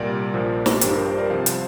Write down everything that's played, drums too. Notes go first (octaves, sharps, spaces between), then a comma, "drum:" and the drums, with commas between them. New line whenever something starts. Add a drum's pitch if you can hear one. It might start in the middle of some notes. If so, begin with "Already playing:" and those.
Already playing: C2 A#2 G3 A#4 D5
A#1 A#2 F3
drum: snare
G1 G2 F3 G4 C5, drum: hi-hat
A#4
G4 C5
A#4 D5
C2 C3 F3 C5 F5
drum: hi-hat